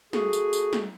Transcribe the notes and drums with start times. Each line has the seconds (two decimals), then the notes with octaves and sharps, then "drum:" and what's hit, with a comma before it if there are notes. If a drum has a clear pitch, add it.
0.13 A3 F#4 G#4, drum: snare
0.33 drum: tambourine
0.53 drum: tambourine
0.73 drum: snare